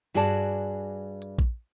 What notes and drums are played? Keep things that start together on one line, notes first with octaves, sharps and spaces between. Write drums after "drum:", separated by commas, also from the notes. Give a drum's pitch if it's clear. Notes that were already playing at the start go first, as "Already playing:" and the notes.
G2 F#4 G#4 D5 A5
drum: hi-hat
drum: kick A#1